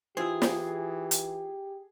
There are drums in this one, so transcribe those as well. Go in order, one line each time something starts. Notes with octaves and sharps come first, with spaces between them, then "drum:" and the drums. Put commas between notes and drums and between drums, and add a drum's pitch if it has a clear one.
E3 E4 F4 G4 G#4 C5
drum: snare
drum: hi-hat